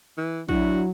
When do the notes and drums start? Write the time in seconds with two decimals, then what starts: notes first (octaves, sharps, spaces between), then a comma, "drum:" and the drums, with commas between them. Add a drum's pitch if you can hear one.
0.18 E3
0.49 F#3 D4 E4 F#4, drum: kick